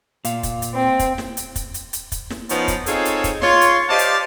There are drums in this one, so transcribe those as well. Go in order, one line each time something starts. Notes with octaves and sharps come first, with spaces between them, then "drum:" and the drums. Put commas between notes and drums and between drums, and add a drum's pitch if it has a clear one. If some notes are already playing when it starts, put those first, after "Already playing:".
A#2 F5, drum: hi-hat
drum: kick, hi-hat
drum: hi-hat
C4
drum: kick, hi-hat
drum: snare
drum: hi-hat
drum: kick, hi-hat
drum: hi-hat
drum: hi-hat
drum: kick, hi-hat
drum: snare
F3 B3 C#4 D#4, drum: hi-hat
drum: kick, hi-hat
C4 D#4 F4 G#4 A4 C#5, drum: hi-hat
drum: hi-hat
drum: kick, hi-hat
F4 C#5 C6, drum: snare
drum: hi-hat
G4 C5 D5 D#5 F5 A5
drum: hi-hat